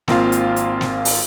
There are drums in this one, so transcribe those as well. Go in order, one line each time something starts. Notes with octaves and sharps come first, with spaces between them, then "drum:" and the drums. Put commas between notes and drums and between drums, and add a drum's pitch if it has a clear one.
G#1 A#3 C4 F4 F5, drum: snare
drum: hi-hat
drum: hi-hat
drum: snare
drum: open hi-hat